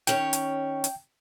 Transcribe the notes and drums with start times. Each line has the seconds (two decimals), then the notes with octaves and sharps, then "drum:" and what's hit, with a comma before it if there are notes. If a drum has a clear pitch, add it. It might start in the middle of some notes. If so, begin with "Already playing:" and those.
0.07 D#3 C#4 C#5 G5, drum: hi-hat
0.33 drum: hi-hat
0.84 drum: hi-hat